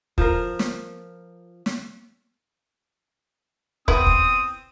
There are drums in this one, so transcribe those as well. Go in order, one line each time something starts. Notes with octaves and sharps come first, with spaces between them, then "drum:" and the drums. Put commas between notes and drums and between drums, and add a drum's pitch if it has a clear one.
F3 A#4, drum: kick
drum: snare
drum: snare
B3 C4 E4 D#6, drum: kick
drum: kick